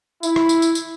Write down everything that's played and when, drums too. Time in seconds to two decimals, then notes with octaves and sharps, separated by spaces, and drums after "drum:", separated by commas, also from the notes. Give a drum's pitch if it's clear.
0.23 E4, drum: tambourine
0.36 drum: rim click
0.49 drum: tambourine
0.62 drum: tambourine
0.75 drum: tambourine